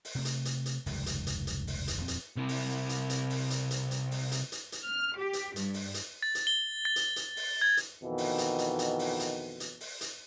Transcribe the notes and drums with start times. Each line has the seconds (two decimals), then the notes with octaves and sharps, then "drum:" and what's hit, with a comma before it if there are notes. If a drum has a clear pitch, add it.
0.05 drum: open hi-hat
0.15 C3 A3
0.25 drum: hi-hat
0.45 drum: hi-hat
0.66 drum: hi-hat
0.86 F1 C#2 G2 D#3, drum: open hi-hat
1.06 drum: hi-hat
1.27 drum: hi-hat
1.47 drum: hi-hat
1.67 drum: open hi-hat
1.88 drum: hi-hat
1.98 D#1 F2 G#3 C4
2.08 drum: hi-hat
2.36 C3 E4
2.49 drum: open hi-hat
2.89 drum: hi-hat
3.10 drum: hi-hat
3.30 drum: open hi-hat
3.50 drum: hi-hat
3.71 drum: hi-hat
3.91 drum: hi-hat
4.11 drum: open hi-hat
4.32 drum: hi-hat
4.52 drum: hi-hat
4.72 drum: hi-hat
4.84 F6
5.17 G4
5.33 drum: hi-hat
5.56 G2, drum: hi-hat
5.74 drum: open hi-hat
5.94 drum: hi-hat
6.23 A6
6.35 drum: hi-hat
6.47 G7
6.85 A6
6.96 drum: hi-hat
7.16 drum: hi-hat
7.37 drum: open hi-hat
7.61 G#6
7.77 drum: hi-hat
8.03 F2 B2 D#3 E3
8.18 drum: open hi-hat
8.38 drum: hi-hat
8.59 drum: hi-hat
8.79 drum: hi-hat
8.99 drum: open hi-hat
9.20 drum: hi-hat
9.60 drum: hi-hat
9.81 drum: open hi-hat
10.01 drum: hi-hat